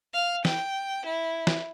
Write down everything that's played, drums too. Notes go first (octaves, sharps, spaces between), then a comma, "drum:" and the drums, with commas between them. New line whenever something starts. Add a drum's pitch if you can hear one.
F5
G5, drum: snare
E4
drum: snare